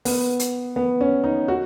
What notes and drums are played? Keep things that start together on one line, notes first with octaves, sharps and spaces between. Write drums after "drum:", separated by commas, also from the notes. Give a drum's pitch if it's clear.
B3, drum: open hi-hat
drum: hi-hat
B3
C#4
D#4
F#4